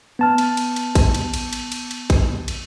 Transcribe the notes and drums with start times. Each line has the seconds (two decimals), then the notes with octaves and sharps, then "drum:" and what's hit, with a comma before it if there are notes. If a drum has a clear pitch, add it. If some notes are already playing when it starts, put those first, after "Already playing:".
0.19 B3 A5 F6
0.38 drum: cymbal
0.57 drum: cymbal
0.76 drum: cymbal
0.95 drum: kick A1, cymbal
1.14 drum: cymbal
1.34 drum: cymbal
1.53 drum: cymbal
1.72 drum: cymbal
1.91 drum: cymbal
2.10 drum: kick A1, cymbal
2.48 drum: cymbal